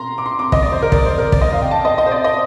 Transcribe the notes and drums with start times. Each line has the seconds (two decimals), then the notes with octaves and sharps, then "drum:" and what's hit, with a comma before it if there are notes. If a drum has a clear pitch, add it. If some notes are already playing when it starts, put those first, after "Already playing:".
Already playing: A#5 C6
0.18 D6
0.26 C6
0.39 D6
0.52 D#5, drum: kick
0.62 D5
0.72 C5
0.82 A#4
0.92 D5, drum: kick
1.06 C5
1.18 A#4
1.32 D5, drum: kick
1.41 D#5
1.52 F5
1.62 G5
1.71 A5
1.85 D#5
1.98 D#5
2.06 C5
2.11 D5
2.24 D#5